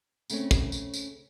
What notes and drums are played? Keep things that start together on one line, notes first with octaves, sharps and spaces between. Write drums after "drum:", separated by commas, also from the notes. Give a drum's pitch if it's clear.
C#3 A3 C4 C#4, drum: tambourine
drum: kick, tambourine
drum: tambourine
drum: tambourine